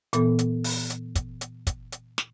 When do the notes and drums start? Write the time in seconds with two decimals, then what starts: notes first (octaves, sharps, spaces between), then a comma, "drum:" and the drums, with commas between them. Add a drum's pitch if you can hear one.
0.13 A#2 E3 B3 A4, drum: hi-hat
0.39 drum: hi-hat
0.64 drum: open hi-hat
0.90 drum: hi-hat
1.15 drum: kick, hi-hat
1.41 drum: hi-hat
1.67 drum: kick, hi-hat
1.92 drum: hi-hat
2.18 drum: snare